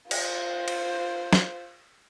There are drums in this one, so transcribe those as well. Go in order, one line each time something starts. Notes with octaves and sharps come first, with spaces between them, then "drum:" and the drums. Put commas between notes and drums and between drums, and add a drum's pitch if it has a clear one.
F4 C5, drum: cymbal
drum: cymbal
drum: snare